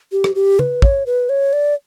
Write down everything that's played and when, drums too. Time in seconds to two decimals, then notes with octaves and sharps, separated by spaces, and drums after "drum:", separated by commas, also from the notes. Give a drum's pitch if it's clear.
0.12 G4
0.24 drum: rim click
0.35 G4
0.59 B4, drum: tom
0.82 C#5, drum: kick
1.06 B4
1.29 C#5
1.53 D5